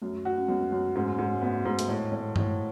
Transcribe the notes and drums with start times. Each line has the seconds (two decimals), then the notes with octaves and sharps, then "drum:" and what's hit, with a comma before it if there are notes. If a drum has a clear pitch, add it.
0.02 F#2 A3
0.25 F#4
0.38 C#4
0.48 F#2 G#3 B3
0.72 F#2
0.95 G#2 A3 C#4
1.18 G#2
1.42 A3 B3
1.65 G#2
1.79 A3, drum: hi-hat
1.88 A2 G#3
2.12 A2
2.36 A2, drum: tom G2